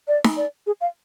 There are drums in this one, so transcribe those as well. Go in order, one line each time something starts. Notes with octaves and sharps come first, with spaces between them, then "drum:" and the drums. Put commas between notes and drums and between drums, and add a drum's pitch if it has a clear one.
D5
drum: snare D#4
D5
G#4
F5